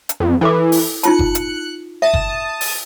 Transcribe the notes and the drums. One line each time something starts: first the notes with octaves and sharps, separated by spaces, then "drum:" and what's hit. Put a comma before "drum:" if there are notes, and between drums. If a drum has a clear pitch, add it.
drum: hi-hat
F2
E3 E4 A4 D6
drum: open hi-hat
D#4 F4 A5 F#6 C#7, drum: hi-hat
drum: kick F#1
drum: hi-hat
E5 A5 D#6
drum: kick F#1
drum: open hi-hat